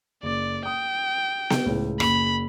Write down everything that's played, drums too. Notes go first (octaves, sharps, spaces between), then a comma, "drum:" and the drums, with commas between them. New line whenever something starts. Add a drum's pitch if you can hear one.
F#1 D5
G5 D#6
drum: snare B3
C#2 A2
F#1 B5 F7, drum: rim click